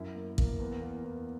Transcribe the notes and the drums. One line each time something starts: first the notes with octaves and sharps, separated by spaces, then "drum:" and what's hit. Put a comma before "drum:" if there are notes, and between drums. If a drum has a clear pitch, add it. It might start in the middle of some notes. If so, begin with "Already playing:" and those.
Already playing: F#2 E4
A#3
A#3, drum: kick
E2
A#3
E2